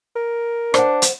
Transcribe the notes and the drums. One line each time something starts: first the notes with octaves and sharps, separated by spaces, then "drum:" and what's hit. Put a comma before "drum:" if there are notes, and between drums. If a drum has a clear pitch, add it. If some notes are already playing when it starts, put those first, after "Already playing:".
A#4
D4 C5 F#5, drum: rim click
drum: hi-hat